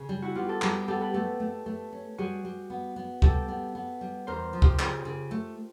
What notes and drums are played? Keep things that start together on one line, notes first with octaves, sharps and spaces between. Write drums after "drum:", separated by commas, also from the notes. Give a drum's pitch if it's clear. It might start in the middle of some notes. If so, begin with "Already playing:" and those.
Already playing: C#3
G3
E4 F#4
B3 F4 G4
G4 A4
G3 F#4 G#4, drum: clap
B3 G4 A4
A4 B4
A3 G4 A4
A3
A3
C#4
G3 F#4 G#4
G3
B3
B3
G3 G4 A4, drum: kick C#2
B3
B3
G3
E2 A#4 C5
F3
F4 G4, drum: kick C#2
C#3, drum: clap
C#3
A3